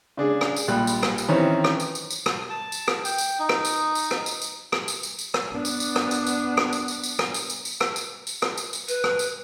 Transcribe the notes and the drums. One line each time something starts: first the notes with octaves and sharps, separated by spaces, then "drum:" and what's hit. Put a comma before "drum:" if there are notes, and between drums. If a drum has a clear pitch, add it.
C#3 D4 G#4
drum: rim click
drum: tambourine
A#1 G3 F#6
drum: tambourine
drum: rim click
drum: tambourine
D#3 E3 C4 C#4 D#4
drum: rim click
drum: tambourine
drum: tambourine
drum: tambourine
drum: rim click
A5
drum: tambourine
drum: rim click
G5, drum: tambourine
drum: tambourine
D#4
drum: rim click
drum: tambourine
drum: tambourine
drum: rim click
drum: tambourine
drum: tambourine
drum: rim click
drum: tambourine
drum: tambourine
drum: tambourine
drum: rim click
B3 D4
drum: tambourine
drum: tambourine
drum: rim click
drum: tambourine
drum: tambourine
drum: rim click
drum: tambourine
drum: tambourine
drum: tambourine
drum: rim click
drum: tambourine
drum: tambourine
drum: tambourine
drum: rim click
drum: tambourine
drum: tambourine
drum: rim click
drum: tambourine
drum: tambourine
B4, drum: tambourine
drum: rim click
drum: tambourine